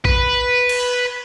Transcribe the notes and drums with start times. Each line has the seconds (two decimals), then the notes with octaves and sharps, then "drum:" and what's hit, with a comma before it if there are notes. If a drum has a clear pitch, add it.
0.05 B4, drum: kick
0.69 drum: cymbal